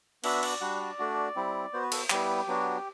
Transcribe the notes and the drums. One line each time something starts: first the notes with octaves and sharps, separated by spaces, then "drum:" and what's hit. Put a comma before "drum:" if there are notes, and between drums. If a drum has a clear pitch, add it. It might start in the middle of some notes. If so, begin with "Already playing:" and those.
B3 D4 F#4 E5, drum: cymbal
D5, drum: cymbal
G3 D4 F#4 F#5
D5
A3 D4 F#4
G3 C4 E4
B3 F#4 C5
B4
A4, drum: cymbal
G3 B3 E4 G4, drum: clap
F#3 B3 D4 F#4